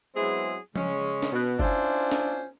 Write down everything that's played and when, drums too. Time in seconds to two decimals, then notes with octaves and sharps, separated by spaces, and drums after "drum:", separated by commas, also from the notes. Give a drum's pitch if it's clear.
0.16 F#3 G#3 B3 C4 E4 G#4
0.76 C#3 G#3 C#4, drum: tom F3
1.23 drum: snare
1.32 B2
1.59 C#4 D4 E4 F4 C5, drum: kick
2.12 drum: snare